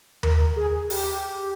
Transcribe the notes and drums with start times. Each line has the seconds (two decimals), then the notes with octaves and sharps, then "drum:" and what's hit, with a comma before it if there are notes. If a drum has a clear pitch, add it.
0.23 A#4, drum: tom D#2
0.56 G#4
0.90 G4, drum: open hi-hat